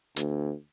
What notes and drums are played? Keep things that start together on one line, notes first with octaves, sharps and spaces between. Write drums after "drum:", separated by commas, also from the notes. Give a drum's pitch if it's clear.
D2, drum: hi-hat